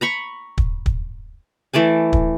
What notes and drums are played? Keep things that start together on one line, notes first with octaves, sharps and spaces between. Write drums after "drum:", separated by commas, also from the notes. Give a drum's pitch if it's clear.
A#5 B5 C#6
drum: kick
drum: kick
E3 A3 D5 G#5
drum: kick